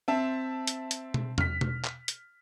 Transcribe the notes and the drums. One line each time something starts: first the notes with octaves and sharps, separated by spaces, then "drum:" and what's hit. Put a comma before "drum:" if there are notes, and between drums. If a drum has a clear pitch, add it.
C4 E5 A5
drum: hi-hat
drum: hi-hat
drum: tom B2
F6 B6, drum: tom E2
drum: tom B2
drum: clap
drum: hi-hat